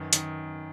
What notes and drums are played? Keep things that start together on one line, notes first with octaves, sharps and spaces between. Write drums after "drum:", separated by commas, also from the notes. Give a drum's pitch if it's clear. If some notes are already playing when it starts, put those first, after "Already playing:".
Already playing: F#2 D#3 B4
D#3, drum: hi-hat